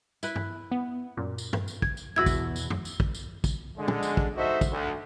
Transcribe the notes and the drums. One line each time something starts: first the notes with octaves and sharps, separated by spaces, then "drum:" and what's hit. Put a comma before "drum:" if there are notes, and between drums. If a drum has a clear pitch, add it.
E4 B4, drum: tambourine
drum: tom G2
B3
F#2 A#2
drum: tambourine
drum: tom G2
drum: tambourine
G#6, drum: kick
drum: tambourine
E2 B2 E4 F#4 B4 E6 G#6
drum: kick, tambourine
drum: tambourine
drum: tom F#2
drum: tambourine
drum: kick
drum: tambourine
drum: kick, tambourine
D3 G#3
drum: tom
drum: tambourine
drum: kick
D#4 F#4 A4 C5 D#5 E5
drum: kick, tambourine
D2